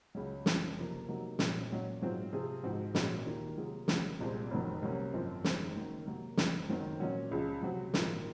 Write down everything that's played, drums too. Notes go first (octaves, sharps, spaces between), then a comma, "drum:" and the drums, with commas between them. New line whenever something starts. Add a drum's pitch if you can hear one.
C#2 C#3 F#3 C#4
F#2 C#3 F3 C4, drum: snare
F#1 F2 C3 F3 A#3
C3 F#3 A#3 D#4 F#4
A#1 A#2 F#3 C#4, drum: snare
A#2 F#3 C#4
G#2 F#3 C4 F4
C3 F3 C4 F4 G#4
G#1 G#2 F3 C4 F#4
A#1 A#2 G#3 C#4 F#4, drum: snare
D#2 D#3 A#3 F4
C3 F#3 A#3 F4 G#4
F1 F2 C#3 F#3, drum: snare
C2 A#2 F3 G#3 C4
F#1 F2 D#3 F#3
C2 C3 F#3 A#3 C#4
G#1 F#2 F3 C4
F#1 F#2 D#3 G#3 C4, drum: snare
F#1 F#2 D#3 F#3 A#3
C3 F#3 A#3
F#1 F2 C#3, drum: snare
F#1 F2 D#3 F#3 C4
A#2 F#3 C#4 F#4
C#2 C#3 F3 G#3
C#2 C3 F#3 C4 F#4
A#1 G#2 D#3 A#3 F4, drum: snare